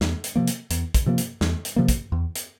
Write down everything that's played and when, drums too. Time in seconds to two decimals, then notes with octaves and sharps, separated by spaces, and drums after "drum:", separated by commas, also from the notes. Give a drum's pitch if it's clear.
0.01 E2, drum: snare
0.24 drum: hi-hat
0.36 C3 F3 A#3
0.47 drum: hi-hat
0.71 E2, drum: hi-hat
0.94 drum: kick, hi-hat
1.06 C3 F3 A#3
1.18 drum: hi-hat
1.41 E2, drum: snare
1.65 drum: hi-hat
1.76 C3 F3 A#3
1.89 drum: kick, hi-hat
2.12 E2
2.36 drum: hi-hat